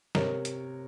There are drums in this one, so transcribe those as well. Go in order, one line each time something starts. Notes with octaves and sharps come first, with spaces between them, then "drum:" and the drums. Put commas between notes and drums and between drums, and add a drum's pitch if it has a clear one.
C3 A#4 C#5, drum: snare
drum: hi-hat